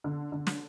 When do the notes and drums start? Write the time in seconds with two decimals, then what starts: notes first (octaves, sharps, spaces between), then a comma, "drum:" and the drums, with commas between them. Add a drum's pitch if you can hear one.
0.04 D3
0.32 D3
0.47 drum: snare